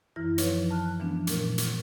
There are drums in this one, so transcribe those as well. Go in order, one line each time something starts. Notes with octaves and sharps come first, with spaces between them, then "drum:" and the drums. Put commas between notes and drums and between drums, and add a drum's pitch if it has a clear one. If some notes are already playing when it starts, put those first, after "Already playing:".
F#2 E3 E4 F6 A#6
F3 D#4 B4 C#5, drum: hi-hat
A5 F6 F#6
E3 F3 G#3 B3 C#4 D4
A#2 A3 A#4, drum: hi-hat
drum: hi-hat